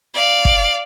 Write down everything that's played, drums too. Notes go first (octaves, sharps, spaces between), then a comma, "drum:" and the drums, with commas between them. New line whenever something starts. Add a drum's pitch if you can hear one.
D5 F5
drum: kick